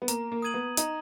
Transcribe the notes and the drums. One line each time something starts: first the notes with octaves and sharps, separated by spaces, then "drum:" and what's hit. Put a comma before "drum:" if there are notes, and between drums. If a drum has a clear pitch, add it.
B3
A#3 A#5, drum: hi-hat
A#3
D#6 G#6 D#7 F#7
B3
D#4 A#5, drum: hi-hat